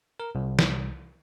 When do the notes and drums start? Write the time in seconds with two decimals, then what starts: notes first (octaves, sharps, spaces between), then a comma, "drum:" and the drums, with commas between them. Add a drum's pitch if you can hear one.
0.20 A#4
0.35 C2
0.59 drum: snare